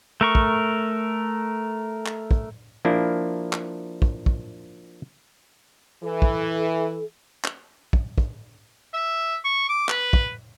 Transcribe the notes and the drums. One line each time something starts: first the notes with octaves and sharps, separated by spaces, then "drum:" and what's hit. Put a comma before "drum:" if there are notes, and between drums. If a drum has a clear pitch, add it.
A3 A#4 C#6
drum: kick
drum: clap
drum: kick
F3 A#3 D4 E4
drum: clap
drum: kick
drum: kick
E3 A4
drum: kick
drum: clap
drum: kick
drum: kick
E5
C#6
D6
B4, drum: clap
drum: kick